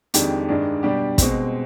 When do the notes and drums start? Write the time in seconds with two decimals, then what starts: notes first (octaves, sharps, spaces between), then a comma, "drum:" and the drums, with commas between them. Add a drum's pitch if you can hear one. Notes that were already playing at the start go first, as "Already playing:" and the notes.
0.14 F2 D#3 G#3 D4 G4, drum: hi-hat
0.49 G2 D#3 G#3 D4
0.83 B2 G3 D4 G4
1.18 B2 G#3 C4, drum: kick, hi-hat